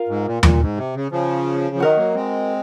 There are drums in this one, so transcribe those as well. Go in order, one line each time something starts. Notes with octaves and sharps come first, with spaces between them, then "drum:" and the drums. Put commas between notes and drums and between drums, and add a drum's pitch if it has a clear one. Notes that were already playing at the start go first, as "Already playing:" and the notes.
Already playing: F4 A#4 F5
G#2
A#2
A#2, drum: tom D#2
G#2
C3
C#3
C#3 F3
F3
D#3 F#3 F#4 A#4 D#5
F#3 A#3
G#3 C4